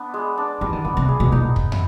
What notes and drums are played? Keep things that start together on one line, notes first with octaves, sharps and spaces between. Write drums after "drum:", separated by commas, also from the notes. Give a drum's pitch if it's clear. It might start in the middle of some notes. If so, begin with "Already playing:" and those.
Already playing: B3 D4
G#3
D4
E3 G3
D#3
D3 B3
C3
G#4
B2
A#2 D#4
drum: kick
drum: tom